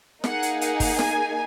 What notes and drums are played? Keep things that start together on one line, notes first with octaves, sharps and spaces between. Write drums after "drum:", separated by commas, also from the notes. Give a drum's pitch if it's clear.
A#3 D#4 G#4 F#5, drum: snare
drum: hi-hat
F#5, drum: hi-hat
drum: kick, open hi-hat
G#5, drum: snare